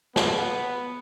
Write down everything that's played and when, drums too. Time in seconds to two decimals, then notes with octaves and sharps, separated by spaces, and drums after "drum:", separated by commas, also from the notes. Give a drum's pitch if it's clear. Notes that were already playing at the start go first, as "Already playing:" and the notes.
0.16 B3, drum: snare